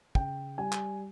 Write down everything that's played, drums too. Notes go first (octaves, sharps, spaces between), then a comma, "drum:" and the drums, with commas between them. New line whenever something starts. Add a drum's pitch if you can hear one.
C#3 G5, drum: kick
G3 G#5
drum: clap